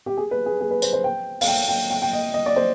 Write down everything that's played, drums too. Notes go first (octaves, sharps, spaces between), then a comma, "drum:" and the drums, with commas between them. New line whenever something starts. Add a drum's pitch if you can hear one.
G4
G#4
B4
G#4
G#4
B4
C5, drum: tambourine
C5
G5
F5, drum: open hi-hat
G5
G5
G5
G5
D#5
D#5
D5
C5